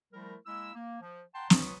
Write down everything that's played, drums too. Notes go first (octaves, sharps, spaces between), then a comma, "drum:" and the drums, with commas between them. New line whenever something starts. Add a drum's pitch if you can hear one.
F3 G3 A3 E4 A#4
G#3 A#3 E4 E6
A#3
F3
F#5 G5 A5 A#5 C6
C#2 F#3 F4 B4 C#6 D#6, drum: snare